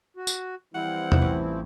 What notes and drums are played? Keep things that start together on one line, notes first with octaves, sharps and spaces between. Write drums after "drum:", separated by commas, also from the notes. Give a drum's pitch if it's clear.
F#4
drum: tambourine
E3 F3 G3 C4 E4 F#5
drum: tom E2
A1